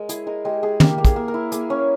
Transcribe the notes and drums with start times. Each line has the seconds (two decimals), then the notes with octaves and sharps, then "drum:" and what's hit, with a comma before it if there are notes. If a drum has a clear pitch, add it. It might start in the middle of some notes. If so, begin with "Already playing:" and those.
Already playing: G#3 A#4
0.09 E4 G#4, drum: hi-hat
0.27 G#3 A#4
0.45 G#3 G4
0.63 G#3 G#4
0.80 A#3 G4, drum: tom
0.98 A#3
1.05 G#4, drum: kick, hi-hat
1.16 A#3
1.28 A#4
1.34 E4
1.52 A#3 G#4, drum: hi-hat
1.70 C#4